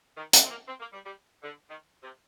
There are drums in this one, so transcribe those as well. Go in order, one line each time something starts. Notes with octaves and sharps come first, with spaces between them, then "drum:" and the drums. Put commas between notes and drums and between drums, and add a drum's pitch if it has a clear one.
D#3
G3, drum: hi-hat
C4
A#3
C4
A#3
G3
G3
D3
D#3
C3